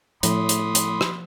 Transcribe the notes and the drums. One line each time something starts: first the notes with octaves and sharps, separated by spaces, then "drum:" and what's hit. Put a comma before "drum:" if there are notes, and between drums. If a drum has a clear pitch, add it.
A2 F3 B5 C6 D#6, drum: hi-hat
drum: hi-hat
drum: hi-hat
drum: rim click